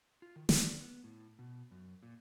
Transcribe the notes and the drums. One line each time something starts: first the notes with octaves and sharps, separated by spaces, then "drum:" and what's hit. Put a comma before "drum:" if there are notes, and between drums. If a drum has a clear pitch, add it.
F4
D#3
D5, drum: snare
B3
A2
B2
F#2
A#2